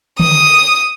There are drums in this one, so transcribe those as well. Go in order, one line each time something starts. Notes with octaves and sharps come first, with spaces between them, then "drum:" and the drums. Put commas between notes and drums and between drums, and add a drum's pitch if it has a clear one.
D#6, drum: tom D3